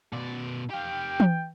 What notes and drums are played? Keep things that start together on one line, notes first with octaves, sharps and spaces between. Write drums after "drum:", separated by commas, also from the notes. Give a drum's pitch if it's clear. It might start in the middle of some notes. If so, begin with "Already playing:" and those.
B2 D5
G4 F5 G5
drum: tom E3